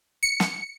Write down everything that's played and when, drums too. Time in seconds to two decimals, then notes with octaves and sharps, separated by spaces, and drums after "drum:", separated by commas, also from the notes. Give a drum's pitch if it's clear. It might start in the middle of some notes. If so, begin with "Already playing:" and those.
0.23 C#7
0.40 drum: snare